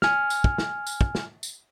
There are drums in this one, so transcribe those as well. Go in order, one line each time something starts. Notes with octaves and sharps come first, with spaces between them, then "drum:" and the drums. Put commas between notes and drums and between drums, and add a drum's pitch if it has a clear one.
G#5 F6, drum: snare
drum: tambourine
drum: kick
drum: snare
drum: tambourine
drum: kick
drum: snare
drum: tambourine